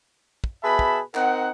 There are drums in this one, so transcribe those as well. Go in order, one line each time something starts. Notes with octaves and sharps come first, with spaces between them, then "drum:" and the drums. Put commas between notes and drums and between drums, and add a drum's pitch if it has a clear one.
drum: kick
B2 G#4 B4 E5 A5 B5
drum: kick
C4 D#4 A#4 F#5, drum: clap